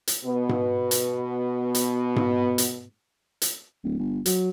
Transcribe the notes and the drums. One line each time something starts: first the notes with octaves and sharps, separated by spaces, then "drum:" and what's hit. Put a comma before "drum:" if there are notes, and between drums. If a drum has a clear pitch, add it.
drum: hi-hat
B2 B3
drum: tom G#2
drum: hi-hat
drum: hi-hat
drum: tom G#2
drum: hi-hat
drum: hi-hat
D1
G1
F#3, drum: hi-hat